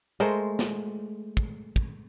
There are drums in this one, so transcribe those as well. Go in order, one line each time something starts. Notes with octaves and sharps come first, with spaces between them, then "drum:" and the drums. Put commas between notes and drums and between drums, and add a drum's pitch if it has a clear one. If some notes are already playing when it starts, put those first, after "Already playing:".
G#3 A3 A#4 C5
drum: snare
drum: kick
drum: kick